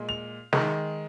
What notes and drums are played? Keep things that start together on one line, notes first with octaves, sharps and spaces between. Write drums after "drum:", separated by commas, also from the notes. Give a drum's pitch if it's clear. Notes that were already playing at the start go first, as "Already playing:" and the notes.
Already playing: A#2 G#3
F7
D#3 G#3, drum: snare